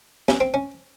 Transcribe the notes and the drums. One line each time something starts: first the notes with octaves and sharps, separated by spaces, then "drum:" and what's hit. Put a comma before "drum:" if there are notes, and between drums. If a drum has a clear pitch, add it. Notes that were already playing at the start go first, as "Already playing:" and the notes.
C#4, drum: snare
C4
C#4